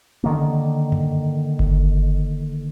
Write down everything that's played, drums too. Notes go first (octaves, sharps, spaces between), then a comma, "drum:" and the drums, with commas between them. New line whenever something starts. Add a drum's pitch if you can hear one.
D3 D#3 A#3
drum: tom F#2
drum: kick G1